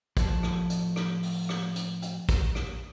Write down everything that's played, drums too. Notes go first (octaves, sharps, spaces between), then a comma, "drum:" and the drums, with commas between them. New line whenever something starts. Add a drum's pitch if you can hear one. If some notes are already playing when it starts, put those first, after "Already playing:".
A2 F3 A3 A5, drum: kick, hi-hat
drum: rim click
drum: hi-hat
drum: rim click
drum: open hi-hat
drum: rim click
drum: hi-hat
drum: hi-hat
drum: kick, hi-hat
drum: rim click